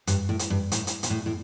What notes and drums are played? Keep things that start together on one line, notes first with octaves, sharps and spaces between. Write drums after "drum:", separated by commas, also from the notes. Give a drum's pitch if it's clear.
G2, drum: hi-hat
A2
drum: hi-hat
G2
A2, drum: hi-hat
drum: hi-hat
A#2, drum: hi-hat
A2
A2